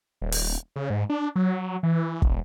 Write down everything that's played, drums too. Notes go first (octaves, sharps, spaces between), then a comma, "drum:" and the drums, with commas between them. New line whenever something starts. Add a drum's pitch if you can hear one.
D#1
drum: open hi-hat
C#3
G#2
D4
F#3
E3
E1, drum: kick